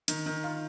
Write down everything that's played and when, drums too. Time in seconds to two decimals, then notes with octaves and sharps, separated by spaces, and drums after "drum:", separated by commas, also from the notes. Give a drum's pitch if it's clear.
0.08 D#3, drum: hi-hat
0.26 D#3
0.43 F4